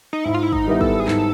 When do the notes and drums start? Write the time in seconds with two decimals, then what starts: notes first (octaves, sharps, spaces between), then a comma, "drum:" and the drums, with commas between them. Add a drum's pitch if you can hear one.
0.13 D#4
0.24 G#2 E4
0.34 F4
0.43 E4
0.52 D#4, drum: kick
0.67 D#3 G3 B3 E4
0.81 A4, drum: kick
1.00 G#4
1.08 G#2 A4, drum: clap